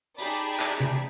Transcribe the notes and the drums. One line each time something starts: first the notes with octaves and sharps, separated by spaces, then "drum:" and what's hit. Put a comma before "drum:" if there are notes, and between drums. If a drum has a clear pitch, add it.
D#4 G4 G#4 D5 A5 B5, drum: tambourine
drum: clap
drum: tom C3